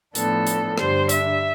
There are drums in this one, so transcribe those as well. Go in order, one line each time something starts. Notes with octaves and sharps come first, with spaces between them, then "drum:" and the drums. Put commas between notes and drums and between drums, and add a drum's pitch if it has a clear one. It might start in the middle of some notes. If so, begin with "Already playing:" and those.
A2 F3 B3 D4 A4, drum: hi-hat
drum: hi-hat
G2 D3 G3 D4 C5, drum: rim click
E5, drum: hi-hat